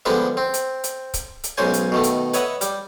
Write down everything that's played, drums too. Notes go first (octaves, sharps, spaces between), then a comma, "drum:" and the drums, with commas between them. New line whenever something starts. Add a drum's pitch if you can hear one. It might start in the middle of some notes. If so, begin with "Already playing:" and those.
D3 F3 G3 G#3 B3 D4
C4
drum: hi-hat
drum: hi-hat
drum: kick C#1, hi-hat
drum: hi-hat
B1 C#3 G#3 C5 G#5
drum: hi-hat
B2 D#3 A3
drum: hi-hat
B4 C#5 D#5 E5 F#5, drum: hi-hat
G3, drum: hi-hat